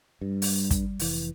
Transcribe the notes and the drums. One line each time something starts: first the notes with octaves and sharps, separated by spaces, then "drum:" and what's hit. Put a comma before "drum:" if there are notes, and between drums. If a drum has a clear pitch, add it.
G2 G3
drum: open hi-hat
drum: kick, hi-hat
F1 E3, drum: open hi-hat